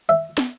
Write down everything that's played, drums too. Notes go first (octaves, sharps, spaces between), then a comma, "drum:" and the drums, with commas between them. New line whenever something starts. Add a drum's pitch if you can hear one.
E5
drum: snare